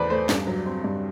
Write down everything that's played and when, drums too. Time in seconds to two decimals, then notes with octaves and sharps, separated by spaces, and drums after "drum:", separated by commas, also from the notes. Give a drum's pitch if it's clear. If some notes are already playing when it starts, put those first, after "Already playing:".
Already playing: E2 A3 B4 C5 D5
0.10 A3 C5
0.29 G2, drum: snare
0.47 F#3
0.66 C4
0.84 G2